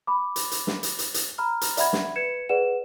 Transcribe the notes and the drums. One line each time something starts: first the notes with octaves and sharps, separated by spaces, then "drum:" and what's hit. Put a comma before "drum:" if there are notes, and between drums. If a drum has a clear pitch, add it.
B5 D6
drum: hi-hat
drum: hi-hat
drum: snare
drum: hi-hat
drum: hi-hat
drum: hi-hat
A#5 B5 F6
drum: hi-hat
D5 E5 F#5 B5 G#6, drum: hi-hat
drum: snare
B4 G#6 C#7 E7
G#4 B4 D5 F#5 E7